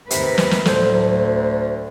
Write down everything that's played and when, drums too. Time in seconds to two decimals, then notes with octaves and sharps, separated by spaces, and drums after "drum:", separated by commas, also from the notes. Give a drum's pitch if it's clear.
0.10 D#2 C3 A#4 B4, drum: hi-hat
0.38 drum: snare
0.51 drum: snare
0.65 D2 A2 F#3 A4 C5, drum: snare